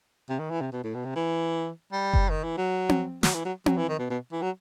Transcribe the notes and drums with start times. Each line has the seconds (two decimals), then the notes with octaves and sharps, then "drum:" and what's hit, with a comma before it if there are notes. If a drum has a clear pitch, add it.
0.29 C3
0.39 D#3
0.50 E3
0.61 C3
0.72 B2
0.84 A2
0.94 B2
1.05 C3
1.16 E3
1.92 G3
2.13 drum: kick F#1
2.30 D#3
2.44 E3
2.57 F#3
2.89 drum: tom C4
3.23 F#3, drum: snare
3.34 E3
3.45 F#3
3.66 F#3, drum: tom C4
3.77 E3
3.89 D#3
3.99 B2
4.10 B2
4.32 E3
4.42 F#3